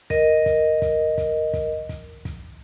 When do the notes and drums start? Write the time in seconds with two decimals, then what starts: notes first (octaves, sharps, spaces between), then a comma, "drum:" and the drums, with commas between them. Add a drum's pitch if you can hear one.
0.10 A#4 D#5, drum: kick, hi-hat
0.46 drum: kick, hi-hat
0.82 drum: kick, hi-hat
1.18 drum: kick, hi-hat
1.53 drum: kick, hi-hat
1.89 drum: kick, hi-hat
2.25 drum: kick, hi-hat